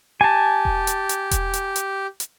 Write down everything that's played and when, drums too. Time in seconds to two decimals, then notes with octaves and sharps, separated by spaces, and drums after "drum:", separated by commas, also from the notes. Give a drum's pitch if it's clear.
0.21 G4 G#5 A5
0.65 drum: kick E1
0.87 drum: hi-hat
1.09 drum: hi-hat
1.31 drum: kick E1, hi-hat
1.53 drum: hi-hat
1.76 drum: hi-hat
2.20 drum: hi-hat